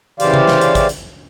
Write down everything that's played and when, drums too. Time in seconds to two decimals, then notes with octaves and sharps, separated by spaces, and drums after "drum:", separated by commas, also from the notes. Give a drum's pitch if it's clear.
0.20 C#3 E3 G4 C5 D5 F5, drum: hi-hat
0.34 drum: tom C3
0.48 drum: snare
0.61 drum: hi-hat
0.75 drum: kick, hi-hat
0.89 drum: hi-hat